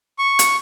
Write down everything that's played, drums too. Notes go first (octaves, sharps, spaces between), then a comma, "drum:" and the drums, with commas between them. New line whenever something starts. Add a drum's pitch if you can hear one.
C#6
drum: hi-hat